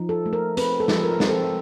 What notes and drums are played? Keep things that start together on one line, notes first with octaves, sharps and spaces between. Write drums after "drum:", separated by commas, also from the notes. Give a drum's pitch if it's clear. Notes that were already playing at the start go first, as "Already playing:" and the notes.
Already playing: F3 D#4
A4
A3
A#4
C4 B4, drum: hi-hat
A4
F3, drum: snare
A#4
C4, drum: snare
A4